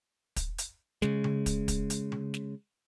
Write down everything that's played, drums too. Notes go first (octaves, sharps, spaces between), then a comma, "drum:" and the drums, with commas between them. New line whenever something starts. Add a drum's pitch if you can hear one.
drum: kick, hi-hat
drum: hi-hat
C#3 G#3, drum: snare
drum: tom C#3
drum: kick, hi-hat
drum: kick, hi-hat
drum: hi-hat
drum: tom C#3
drum: snare